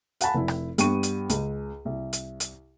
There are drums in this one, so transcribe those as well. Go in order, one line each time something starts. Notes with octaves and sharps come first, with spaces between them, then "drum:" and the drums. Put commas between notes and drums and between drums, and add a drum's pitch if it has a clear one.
F5 F#5 G#5 A5 B5, drum: hi-hat
F1 E4
drum: rim click
G2 B3 G5 B5 C#6 D#7, drum: hi-hat
drum: hi-hat
C#2, drum: hi-hat
C2
drum: hi-hat
drum: hi-hat